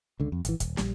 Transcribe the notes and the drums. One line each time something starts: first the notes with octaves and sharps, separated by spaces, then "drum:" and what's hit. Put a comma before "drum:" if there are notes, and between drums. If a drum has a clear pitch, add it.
C#2 D3
F2
G#1 E3, drum: hi-hat
D#1, drum: kick, hi-hat
A#1 G3, drum: snare